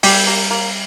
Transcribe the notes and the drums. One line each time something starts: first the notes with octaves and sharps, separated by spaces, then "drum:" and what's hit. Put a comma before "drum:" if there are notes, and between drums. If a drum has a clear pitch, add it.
G3 G4, drum: open hi-hat
A#3
A#3